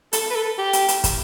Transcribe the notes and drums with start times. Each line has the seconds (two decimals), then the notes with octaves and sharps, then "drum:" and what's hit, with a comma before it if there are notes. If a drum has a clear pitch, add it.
0.13 A4, drum: hi-hat
0.31 B4
0.35 A4
0.58 G4
0.73 drum: hi-hat
0.88 drum: hi-hat
1.04 drum: kick, hi-hat